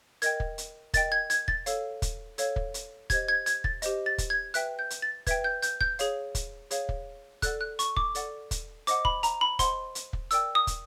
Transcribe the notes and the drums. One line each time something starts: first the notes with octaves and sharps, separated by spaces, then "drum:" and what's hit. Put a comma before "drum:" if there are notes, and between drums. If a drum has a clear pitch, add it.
A#4 D#5 G5 G#6, drum: hi-hat
drum: kick
drum: hi-hat
A#4 D#5 G5 A6, drum: kick, hi-hat
G#6
G#6, drum: hi-hat
A6, drum: kick
A4 C#5 F5, drum: hi-hat
drum: kick, hi-hat
A4 C#5 F5, drum: hi-hat
drum: kick
drum: hi-hat
G4 C5 D#5 G#6, drum: kick, hi-hat
G#6
G#6, drum: hi-hat
A6, drum: kick
G4 C5 D#5, drum: hi-hat
A6
drum: kick, hi-hat
G#6
B4 E5 G5 F#6, drum: hi-hat
G6
drum: hi-hat
A6
B4 E5 G5 G#6, drum: kick, hi-hat
G6
G6, drum: hi-hat
G6, drum: kick
G#4 C#5 F5, drum: hi-hat
drum: kick, hi-hat
G#4 C#5 F5, drum: hi-hat
drum: kick
A4 D5 F#5 F#6, drum: kick, hi-hat
F#6
C#6, drum: hi-hat
D6, drum: kick
A4 D5 F#5, drum: hi-hat
drum: kick, hi-hat
C5 D#5 F#5 D6, drum: hi-hat
B5, drum: kick
A#5, drum: hi-hat
B5
C5 D#5 F#5 C6, drum: kick, hi-hat
drum: hi-hat
drum: kick
A#4 D5 G5 E6, drum: hi-hat
D#6
drum: kick, hi-hat